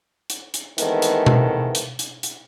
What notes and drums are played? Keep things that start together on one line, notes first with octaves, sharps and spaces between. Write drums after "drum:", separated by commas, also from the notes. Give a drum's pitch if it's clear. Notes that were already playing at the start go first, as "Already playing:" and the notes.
drum: hi-hat
drum: hi-hat
D#3 E3 G#3 A3 B3 C4, drum: hi-hat
drum: hi-hat
drum: tom B2
drum: hi-hat
drum: hi-hat
drum: hi-hat